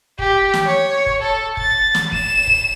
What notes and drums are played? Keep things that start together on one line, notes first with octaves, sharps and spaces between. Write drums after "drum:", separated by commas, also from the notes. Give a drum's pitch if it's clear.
G4, drum: kick
drum: snare
C#5
drum: kick
A4
A6, drum: kick
drum: snare
E7, drum: kick
drum: kick